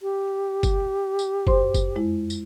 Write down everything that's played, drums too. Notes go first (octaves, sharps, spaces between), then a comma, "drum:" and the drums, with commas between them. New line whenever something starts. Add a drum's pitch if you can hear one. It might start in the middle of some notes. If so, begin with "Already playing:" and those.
G4
drum: kick F#1, tambourine
drum: tambourine
F#2 C5 C6, drum: kick F#1
drum: kick F#1, tambourine
F2 G#3 E4
drum: tambourine